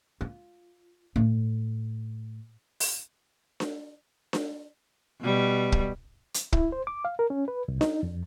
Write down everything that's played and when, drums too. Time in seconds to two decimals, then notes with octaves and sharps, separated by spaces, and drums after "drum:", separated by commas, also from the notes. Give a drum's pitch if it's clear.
0.21 F4
1.16 A2
2.80 drum: open hi-hat
3.60 drum: snare D4
4.33 drum: snare D4
5.21 B2 G3
5.72 drum: kick
6.34 drum: hi-hat
6.53 E4, drum: kick
6.72 C5
6.87 D6
7.05 F5
7.19 A#4
7.30 C#4
7.48 B4
7.68 C2
7.81 D#4, drum: snare D4
8.03 F2